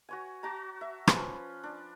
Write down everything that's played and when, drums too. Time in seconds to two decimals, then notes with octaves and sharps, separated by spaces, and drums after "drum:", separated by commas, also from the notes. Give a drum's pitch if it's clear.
0.09 F#4 C#5 G#5
0.43 F#4 A5 A#5
0.81 E5
1.07 F3 C#4 B4, drum: rim click
1.63 D4